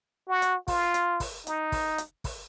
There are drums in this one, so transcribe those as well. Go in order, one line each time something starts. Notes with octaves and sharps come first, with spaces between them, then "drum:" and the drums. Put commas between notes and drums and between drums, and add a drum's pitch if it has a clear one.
F#4
drum: hi-hat
F4, drum: kick, open hi-hat
drum: hi-hat
drum: kick, open hi-hat
D#4, drum: hi-hat
drum: kick, open hi-hat
drum: hi-hat
drum: kick, open hi-hat